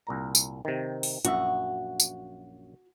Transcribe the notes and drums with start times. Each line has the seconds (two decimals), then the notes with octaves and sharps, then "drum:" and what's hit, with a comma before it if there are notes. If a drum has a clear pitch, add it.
0.07 C2 A#2 A#5
0.35 drum: tambourine
0.65 C3 D#3
1.03 drum: open hi-hat
1.25 A#1 F#2 F#4 E5, drum: hi-hat
2.00 drum: tambourine